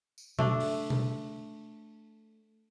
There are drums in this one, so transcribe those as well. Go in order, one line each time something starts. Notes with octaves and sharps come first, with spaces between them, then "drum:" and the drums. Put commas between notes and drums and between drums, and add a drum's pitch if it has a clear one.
drum: tambourine
A3 D4, drum: tom B2
drum: open hi-hat
drum: tom B2